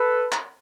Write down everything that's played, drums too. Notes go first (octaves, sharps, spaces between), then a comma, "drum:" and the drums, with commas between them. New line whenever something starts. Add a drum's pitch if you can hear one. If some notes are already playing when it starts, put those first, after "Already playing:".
Already playing: A4 B4
drum: clap